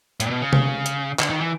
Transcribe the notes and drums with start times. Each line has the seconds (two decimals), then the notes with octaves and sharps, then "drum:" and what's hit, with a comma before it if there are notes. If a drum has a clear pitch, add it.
0.20 A2, drum: hi-hat
0.26 A#2
0.30 B2
0.41 C#3
0.53 drum: tom C3
0.86 drum: hi-hat
1.19 D3, drum: clap
1.30 D#3
1.41 E3